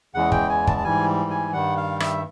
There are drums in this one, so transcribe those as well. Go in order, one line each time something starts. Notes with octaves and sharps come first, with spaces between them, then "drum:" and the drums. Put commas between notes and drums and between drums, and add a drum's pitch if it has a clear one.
E2 C#3 E3 G#3 F#5
G5, drum: kick
G#5
A5, drum: kick
A5
G#2 E3 G3 G#5
G#5
G2 D#3 G3 F#5
F5
E5, drum: rim click